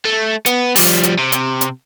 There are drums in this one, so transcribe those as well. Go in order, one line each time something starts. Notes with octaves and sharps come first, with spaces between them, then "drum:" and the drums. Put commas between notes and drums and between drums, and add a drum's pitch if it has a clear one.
A3
B3, drum: hi-hat
F3 G3, drum: open hi-hat
drum: hi-hat
C3
drum: hi-hat
drum: hi-hat